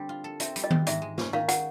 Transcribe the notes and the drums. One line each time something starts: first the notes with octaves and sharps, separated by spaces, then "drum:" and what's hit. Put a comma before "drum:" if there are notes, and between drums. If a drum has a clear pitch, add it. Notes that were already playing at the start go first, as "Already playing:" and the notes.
Already playing: D3 G3 C4
F4
A4
C4 E5, drum: hi-hat
G3, drum: hi-hat
D#5
F4, drum: tom D#3
G#2 E5, drum: hi-hat
G#3
C#4, drum: snare
D#3 F5
F#5, drum: hi-hat